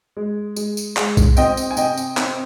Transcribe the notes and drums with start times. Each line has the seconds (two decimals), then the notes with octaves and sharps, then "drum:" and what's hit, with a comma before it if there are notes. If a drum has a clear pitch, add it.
0.17 G#3
0.56 G#3, drum: tambourine
0.77 drum: tambourine
0.97 G#3, drum: clap
1.17 drum: kick B1, tambourine
1.37 C4 D#5 G5, drum: tambourine
1.57 drum: tambourine
1.71 G#5
1.77 C3 D#5 G5, drum: tambourine
1.97 drum: tambourine
2.17 C4, drum: clap